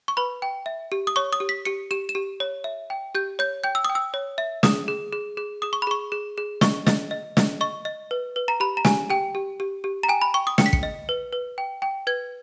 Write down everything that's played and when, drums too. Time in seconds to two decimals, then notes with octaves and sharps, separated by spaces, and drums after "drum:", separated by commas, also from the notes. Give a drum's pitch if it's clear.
0.08 C#6
0.17 B4 B5
0.42 G5
0.66 E5
0.92 G4
1.07 D#6
1.16 C#5 C#6
1.33 D#6
1.40 G4
1.49 B6
1.65 G4 C#7
1.91 G4 E7
2.09 E7
2.15 G4
2.40 C#5
2.64 E5
2.90 G5
3.15 G4 G6
3.39 C#5 G6
3.64 G5 G6
3.75 E6
3.85 G5 D#6
3.95 E6
4.14 C#5
4.38 E5
4.63 G#4 D#6, drum: snare
4.88 G#4
5.13 G#4
5.37 G#4
5.62 G#4 D#6
5.73 C#6
5.82 B5
5.87 G#4 C#6
6.12 G#4
6.38 G#4
6.61 D#5 C#6, drum: snare
6.87 D#5, drum: snare
7.11 D#5
7.37 D#5, drum: snare
7.61 D#5 C#6
7.85 D#5
8.11 B4
8.36 B4
8.48 A#5
8.60 G4 B5
8.77 A#5
8.85 G4 G#5, drum: snare
9.10 G4 G5
9.35 G4
9.60 G4
9.84 G4
10.03 A#5
10.08 G5 G#5
10.22 B5
10.34 G5 C#6
10.47 D#6
10.58 G5 C#7, drum: snare
10.66 B6
10.73 C#7, drum: kick
10.83 D#5
11.09 B4
11.33 B4
11.58 G5
11.82 G5
12.07 B4 G#6